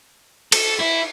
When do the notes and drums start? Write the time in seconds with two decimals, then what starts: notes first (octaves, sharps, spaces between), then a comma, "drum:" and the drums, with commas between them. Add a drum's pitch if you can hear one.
0.52 A4, drum: cymbal
0.80 E4